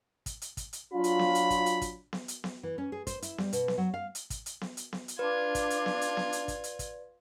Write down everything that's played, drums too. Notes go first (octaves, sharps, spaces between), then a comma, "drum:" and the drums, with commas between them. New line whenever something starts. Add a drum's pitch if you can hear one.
drum: kick, hi-hat
drum: hi-hat
drum: kick, hi-hat
drum: hi-hat
F#3 D4 F4 B5
drum: hi-hat
drum: snare B3
drum: hi-hat
drum: kick, hi-hat
drum: hi-hat
drum: kick, hi-hat
drum: snare B3
drum: hi-hat
drum: snare B3
E3
C#4
G#4
C5, drum: kick, hi-hat
E4, drum: hi-hat
G3, drum: snare B3
B2, drum: hi-hat
drum: snare B3
F#3
F5
drum: hi-hat
drum: kick, hi-hat
drum: hi-hat
drum: snare B3
drum: hi-hat
drum: snare B3
drum: hi-hat
D4 F4 B4 D5 G#6
drum: kick, hi-hat
drum: hi-hat
drum: snare B3
drum: hi-hat
drum: snare B3
drum: hi-hat
drum: kick, hi-hat
drum: hi-hat
drum: kick, hi-hat